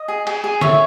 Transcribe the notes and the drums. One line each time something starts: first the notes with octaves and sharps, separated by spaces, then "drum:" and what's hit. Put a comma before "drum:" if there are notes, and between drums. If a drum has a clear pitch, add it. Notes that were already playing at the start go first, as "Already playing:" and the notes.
Already playing: D#5
G#4
G#4, drum: cymbal
G#4
C#5 E5, drum: snare